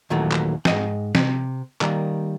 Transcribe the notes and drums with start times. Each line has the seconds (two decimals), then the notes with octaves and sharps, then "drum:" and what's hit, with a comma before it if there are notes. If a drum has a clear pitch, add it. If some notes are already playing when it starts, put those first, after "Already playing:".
0.10 D#2 A#2 D#3 E3 F#3 A3
0.31 drum: clap
0.65 G#2 D#5 G5, drum: snare
1.15 C3, drum: snare
1.81 D#3 G3 A#3, drum: clap